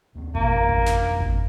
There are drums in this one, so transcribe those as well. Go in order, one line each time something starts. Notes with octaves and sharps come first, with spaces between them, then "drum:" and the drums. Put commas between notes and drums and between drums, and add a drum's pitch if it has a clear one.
D#2 C4
F2 B2 A#3, drum: kick G#1
drum: kick G#1
drum: snare
drum: kick G#1